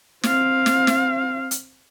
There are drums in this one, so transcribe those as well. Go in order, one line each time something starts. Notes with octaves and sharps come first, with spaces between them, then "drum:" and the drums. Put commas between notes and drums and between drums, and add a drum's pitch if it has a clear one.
C4 F5, drum: snare
drum: snare
drum: snare
drum: hi-hat